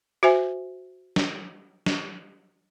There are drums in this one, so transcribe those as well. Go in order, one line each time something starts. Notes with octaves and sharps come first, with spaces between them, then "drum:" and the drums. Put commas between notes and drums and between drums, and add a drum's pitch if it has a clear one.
F#4 C5 E5 G#5
drum: snare
drum: snare